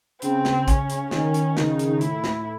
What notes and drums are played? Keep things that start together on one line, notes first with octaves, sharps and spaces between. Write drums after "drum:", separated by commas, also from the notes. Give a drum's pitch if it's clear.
C#3 C4, drum: hi-hat
drum: snare
C#4, drum: kick, hi-hat
drum: hi-hat
D#3 C#4, drum: snare
drum: hi-hat
C#3 D#4, drum: snare
C#3, drum: hi-hat
A2 E4, drum: hi-hat
drum: snare